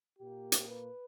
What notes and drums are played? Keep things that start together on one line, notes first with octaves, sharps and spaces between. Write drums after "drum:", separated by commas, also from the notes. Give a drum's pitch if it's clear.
A#2 A#3 G4
drum: hi-hat
B4